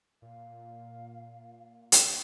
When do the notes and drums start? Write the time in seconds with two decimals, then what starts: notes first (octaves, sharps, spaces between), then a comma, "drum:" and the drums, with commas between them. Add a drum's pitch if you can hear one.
0.22 A#2 F5
1.92 drum: hi-hat